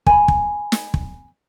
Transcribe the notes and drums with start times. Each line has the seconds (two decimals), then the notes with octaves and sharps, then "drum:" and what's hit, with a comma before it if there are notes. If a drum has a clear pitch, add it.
0.06 G#5 B5, drum: kick
0.28 drum: kick
0.72 drum: snare
0.94 drum: kick